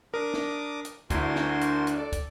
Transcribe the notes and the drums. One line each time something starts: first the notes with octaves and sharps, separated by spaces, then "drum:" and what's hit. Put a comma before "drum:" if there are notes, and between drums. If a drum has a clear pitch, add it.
D4 A#4 D6 D#6
drum: snare
drum: hi-hat
D2 D4 E4 F#4 A#4 C5 G#5 C6, drum: kick, hi-hat
drum: snare
drum: hi-hat
drum: hi-hat
A4 D5
drum: kick, hi-hat